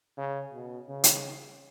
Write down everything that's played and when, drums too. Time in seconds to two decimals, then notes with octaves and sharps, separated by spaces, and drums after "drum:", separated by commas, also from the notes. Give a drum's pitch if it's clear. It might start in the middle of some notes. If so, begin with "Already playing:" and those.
0.17 C#3
0.53 B2
0.88 C#3
1.04 drum: hi-hat